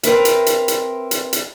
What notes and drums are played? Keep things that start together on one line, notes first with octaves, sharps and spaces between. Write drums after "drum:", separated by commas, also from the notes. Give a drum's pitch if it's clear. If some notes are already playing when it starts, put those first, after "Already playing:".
C4 A#4 B4 E5, drum: hi-hat
drum: hi-hat
drum: hi-hat
drum: hi-hat
drum: hi-hat
drum: hi-hat